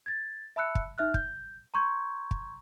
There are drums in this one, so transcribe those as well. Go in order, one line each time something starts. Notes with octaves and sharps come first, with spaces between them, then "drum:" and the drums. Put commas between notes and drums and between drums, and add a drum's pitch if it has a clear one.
G#6 A6
E5 A5 B5 E6 F#6 C#7
drum: kick
D#4 E5 F6 F#6
G6, drum: kick
A#5 C6 C#6 G6 G#6
drum: kick